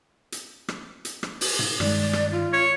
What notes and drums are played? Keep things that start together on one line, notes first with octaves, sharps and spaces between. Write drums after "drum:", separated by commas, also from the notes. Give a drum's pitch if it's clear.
drum: hi-hat
drum: rim click
drum: hi-hat
drum: rim click
drum: open hi-hat
drum: tom G#2
G2 D#3 G#3 D5, drum: rim click
drum: rim click
F4
C#5